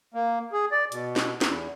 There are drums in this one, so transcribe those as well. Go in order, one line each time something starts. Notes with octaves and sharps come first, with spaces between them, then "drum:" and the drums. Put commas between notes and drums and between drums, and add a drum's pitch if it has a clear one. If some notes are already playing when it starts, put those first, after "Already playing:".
A#3
G#4
D5
B2, drum: hi-hat
drum: snare
E2, drum: snare